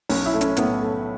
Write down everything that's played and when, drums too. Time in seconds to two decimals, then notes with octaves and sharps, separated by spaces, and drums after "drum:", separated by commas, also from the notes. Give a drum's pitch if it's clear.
0.09 B1 C#4, drum: open hi-hat
0.26 E4
0.34 A3
0.41 C#4, drum: hi-hat
0.57 A2 B3, drum: hi-hat
0.81 A3